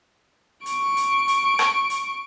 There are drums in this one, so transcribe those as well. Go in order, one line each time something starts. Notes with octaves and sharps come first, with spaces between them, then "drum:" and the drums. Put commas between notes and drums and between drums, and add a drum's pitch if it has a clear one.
C#6 D7, drum: hi-hat
drum: hi-hat
drum: hi-hat
drum: rim click
drum: hi-hat